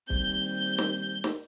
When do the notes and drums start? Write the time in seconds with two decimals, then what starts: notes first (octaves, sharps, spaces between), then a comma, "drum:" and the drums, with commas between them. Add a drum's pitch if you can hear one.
0.10 D#2 G3 C4 G6, drum: kick
0.78 drum: snare
1.24 drum: snare